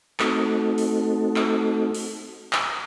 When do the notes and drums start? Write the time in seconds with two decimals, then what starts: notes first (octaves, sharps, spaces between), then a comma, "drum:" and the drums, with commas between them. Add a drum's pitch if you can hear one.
0.20 A3 C4 D#4 F#4 A4, drum: clap
0.78 drum: open hi-hat
1.36 drum: clap
1.94 drum: open hi-hat
2.53 drum: clap